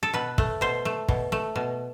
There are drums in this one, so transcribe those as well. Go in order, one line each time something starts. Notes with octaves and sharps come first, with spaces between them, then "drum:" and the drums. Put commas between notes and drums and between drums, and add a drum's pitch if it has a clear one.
A4
B2 B4
A3, drum: kick
B2 C5
A3
B2, drum: kick
A3
B2